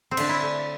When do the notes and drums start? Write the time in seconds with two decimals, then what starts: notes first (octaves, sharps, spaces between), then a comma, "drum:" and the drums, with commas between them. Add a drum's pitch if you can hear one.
0.11 C4
0.17 D3 D4, drum: cymbal
0.29 E4
0.42 A3